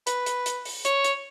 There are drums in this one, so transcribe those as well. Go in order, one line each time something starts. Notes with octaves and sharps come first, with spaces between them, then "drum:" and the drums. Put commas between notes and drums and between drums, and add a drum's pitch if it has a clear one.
B4, drum: hi-hat
drum: hi-hat
drum: hi-hat
drum: open hi-hat
C#5, drum: hi-hat
drum: hi-hat